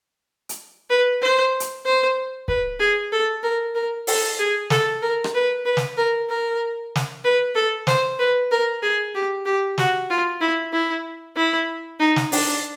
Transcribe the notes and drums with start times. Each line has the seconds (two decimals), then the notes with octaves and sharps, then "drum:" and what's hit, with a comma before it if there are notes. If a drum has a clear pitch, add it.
0.49 drum: hi-hat
0.90 B4
1.21 C5
1.60 drum: hi-hat
1.85 C5
2.48 B4, drum: kick
2.79 G#4
3.12 A4
3.43 A#4
3.75 A#4
4.07 A4, drum: open hi-hat
4.39 G#4
4.70 A4, drum: snare
5.02 A#4
5.24 drum: rim click
5.34 B4
5.65 B4
5.77 drum: snare
5.97 A#4
6.29 A#4
6.96 drum: snare
7.24 B4
7.55 A4
7.87 C5, drum: snare
8.18 B4
8.51 A#4
8.82 G#4
9.14 G4
9.46 G4
9.78 F#4, drum: snare
10.10 F4
10.40 E4
10.73 E4
11.36 E4
11.99 D#4
12.16 drum: snare
12.32 D4, drum: open hi-hat